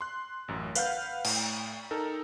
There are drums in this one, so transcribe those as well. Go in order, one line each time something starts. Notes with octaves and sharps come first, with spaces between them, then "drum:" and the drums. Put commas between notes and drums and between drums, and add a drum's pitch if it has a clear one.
C6 F#6
A1 F#2
B4 F5 F#5 F6 G6, drum: tambourine
A2, drum: cymbal
D#4 A4 A#4